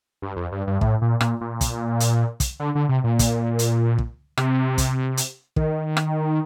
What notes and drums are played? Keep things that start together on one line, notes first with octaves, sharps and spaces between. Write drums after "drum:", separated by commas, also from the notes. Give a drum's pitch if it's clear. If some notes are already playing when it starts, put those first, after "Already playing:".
G2
F2
G2
G2
A2, drum: kick
A#2
A#2, drum: rim click
A#2
drum: kick, hi-hat
drum: hi-hat
drum: kick, hi-hat
D3
D3
C3
A#2
drum: kick, hi-hat
drum: hi-hat
drum: kick
C3, drum: rim click
drum: kick, hi-hat
drum: hi-hat
D#3, drum: kick
drum: rim click